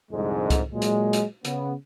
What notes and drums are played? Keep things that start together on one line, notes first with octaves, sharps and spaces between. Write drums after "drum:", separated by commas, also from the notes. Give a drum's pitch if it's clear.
C2 F2 G#2 D3 G#3
drum: kick C2, hi-hat
A#2 F#3 G#3
drum: hi-hat
drum: hi-hat
C#3 B3, drum: hi-hat